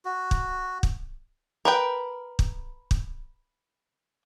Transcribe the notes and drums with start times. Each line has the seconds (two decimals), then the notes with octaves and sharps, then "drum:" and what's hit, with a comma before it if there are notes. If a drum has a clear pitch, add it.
0.05 F#4
0.31 drum: kick
0.83 drum: kick
1.65 A#4 B4 G5
2.39 drum: kick
2.91 drum: kick